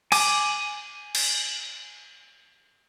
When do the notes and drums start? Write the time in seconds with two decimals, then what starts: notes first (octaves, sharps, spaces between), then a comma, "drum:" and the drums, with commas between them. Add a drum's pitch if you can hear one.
0.12 G#5 D6, drum: cymbal
1.15 drum: cymbal